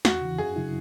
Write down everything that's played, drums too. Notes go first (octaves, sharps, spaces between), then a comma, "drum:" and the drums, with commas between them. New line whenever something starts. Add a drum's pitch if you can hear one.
E2 F#4, drum: snare
C#3 E3
F#2 G#4
C#3 F#3 E4